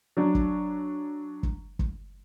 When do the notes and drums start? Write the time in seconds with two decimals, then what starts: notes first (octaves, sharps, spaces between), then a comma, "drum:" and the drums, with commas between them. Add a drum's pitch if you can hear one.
0.17 F#3 D4
0.35 drum: kick
1.43 drum: kick
1.79 drum: kick